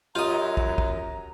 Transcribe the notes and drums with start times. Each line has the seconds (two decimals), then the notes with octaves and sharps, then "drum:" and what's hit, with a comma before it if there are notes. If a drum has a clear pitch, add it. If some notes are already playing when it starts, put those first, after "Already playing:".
0.15 F#2 F4 G4 D#5 A#5 D#6
0.57 drum: kick
0.78 drum: kick